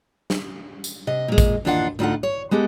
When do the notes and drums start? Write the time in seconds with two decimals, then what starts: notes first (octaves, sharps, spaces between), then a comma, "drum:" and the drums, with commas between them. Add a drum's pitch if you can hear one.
0.30 drum: snare
0.84 drum: tambourine
1.07 C3 D#5
1.28 A#2 G#3
1.38 drum: kick A1, tambourine
1.65 D#2 E3 D4 F4 F#4 F#5
1.99 D2 A2 D#4 F4 A4 F#5
2.23 C#5
2.51 G#3 B3 G4 A4